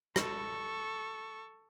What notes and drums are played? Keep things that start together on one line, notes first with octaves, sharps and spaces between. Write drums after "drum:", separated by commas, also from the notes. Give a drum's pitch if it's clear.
A4 C#6, drum: rim click